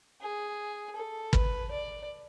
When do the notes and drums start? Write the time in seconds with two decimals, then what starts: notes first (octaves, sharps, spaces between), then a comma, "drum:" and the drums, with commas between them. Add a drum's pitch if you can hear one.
0.21 G#4
0.96 A4
1.33 B4, drum: kick
1.71 D5